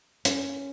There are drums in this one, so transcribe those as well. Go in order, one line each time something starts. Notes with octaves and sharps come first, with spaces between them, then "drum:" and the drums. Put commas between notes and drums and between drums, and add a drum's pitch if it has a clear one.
C#4, drum: hi-hat